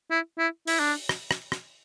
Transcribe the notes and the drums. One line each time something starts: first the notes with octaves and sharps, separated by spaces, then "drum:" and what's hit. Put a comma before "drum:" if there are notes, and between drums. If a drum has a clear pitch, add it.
E4
E4
E4, drum: open hi-hat
D4
drum: rim click
drum: rim click
drum: rim click